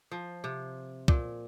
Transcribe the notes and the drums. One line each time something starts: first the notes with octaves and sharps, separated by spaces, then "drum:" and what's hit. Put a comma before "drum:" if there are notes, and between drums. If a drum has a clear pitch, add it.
F3
C3
A#2, drum: kick